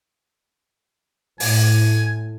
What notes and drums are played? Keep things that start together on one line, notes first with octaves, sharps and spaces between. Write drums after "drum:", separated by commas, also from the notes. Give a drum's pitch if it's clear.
A2 G#5, drum: open hi-hat